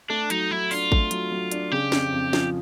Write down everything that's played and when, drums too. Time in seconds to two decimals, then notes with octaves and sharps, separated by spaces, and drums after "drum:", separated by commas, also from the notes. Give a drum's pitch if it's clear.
0.09 A3 D4
0.30 F#3 D#4, drum: hi-hat
0.51 F#3 E4
0.71 D4 F4, drum: open hi-hat
0.92 A3, drum: kick A1
1.11 F#3, drum: hi-hat
1.32 F#3
1.52 D4, drum: hi-hat
1.72 C#3 G4
1.92 F2, drum: snare
2.13 F2
2.33 F3, drum: snare